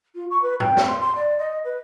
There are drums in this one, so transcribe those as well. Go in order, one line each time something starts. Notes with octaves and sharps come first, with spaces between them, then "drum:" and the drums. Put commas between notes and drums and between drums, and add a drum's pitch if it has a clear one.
F4
C#6
B4
G5, drum: tom A2
drum: snare
C6
C6
D5
D#5
B4